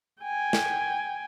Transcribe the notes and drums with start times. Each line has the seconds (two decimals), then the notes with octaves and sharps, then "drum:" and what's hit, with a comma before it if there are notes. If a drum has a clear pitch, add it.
0.23 G5 G#5
0.53 drum: snare